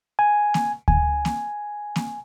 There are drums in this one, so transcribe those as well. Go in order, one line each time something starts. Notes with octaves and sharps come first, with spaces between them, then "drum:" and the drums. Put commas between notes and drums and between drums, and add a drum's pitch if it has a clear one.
G#5
drum: snare A#3
G#5, drum: kick D2
drum: snare A#3
drum: snare A#3